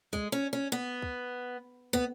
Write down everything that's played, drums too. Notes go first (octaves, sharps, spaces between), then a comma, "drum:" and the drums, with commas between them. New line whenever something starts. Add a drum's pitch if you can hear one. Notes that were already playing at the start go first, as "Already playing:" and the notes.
G#3, drum: kick
C#4
C#4
B3
drum: kick
B3, drum: kick